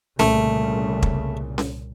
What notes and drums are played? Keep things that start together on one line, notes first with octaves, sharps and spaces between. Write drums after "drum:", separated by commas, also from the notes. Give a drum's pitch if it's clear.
C2 A#2 C#3 A3, drum: snare C#4
drum: kick
drum: snare C#4